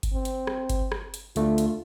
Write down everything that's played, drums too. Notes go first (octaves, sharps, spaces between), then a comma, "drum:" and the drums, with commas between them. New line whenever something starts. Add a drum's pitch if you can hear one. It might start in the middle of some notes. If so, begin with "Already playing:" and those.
drum: kick G1, hi-hat
C4
drum: hi-hat
drum: rim click
drum: kick G1, hi-hat
drum: rim click
drum: hi-hat
D2 A3 D4 F4, drum: hi-hat
drum: hi-hat